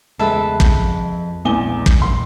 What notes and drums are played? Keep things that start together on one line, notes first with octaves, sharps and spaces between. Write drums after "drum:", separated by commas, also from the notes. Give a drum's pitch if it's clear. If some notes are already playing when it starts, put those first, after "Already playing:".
E2 C#3 G#3 A4 B4 E5
drum: kick
F2 F3
A#1 E2 E3 G#3 G#5 G7
drum: kick
C6